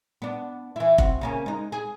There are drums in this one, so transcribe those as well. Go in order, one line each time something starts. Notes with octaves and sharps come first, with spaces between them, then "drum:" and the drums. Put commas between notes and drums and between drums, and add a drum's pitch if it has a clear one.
B3 D4
E3 E4
C4 F#4, drum: kick F1
C#3 A#3 C#4
G#3 D#4
G#4